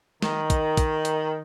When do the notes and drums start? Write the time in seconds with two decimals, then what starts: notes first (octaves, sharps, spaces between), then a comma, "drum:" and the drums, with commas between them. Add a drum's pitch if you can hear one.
0.22 D#3, drum: snare
0.50 drum: kick, hi-hat
0.77 drum: kick, hi-hat
1.05 drum: hi-hat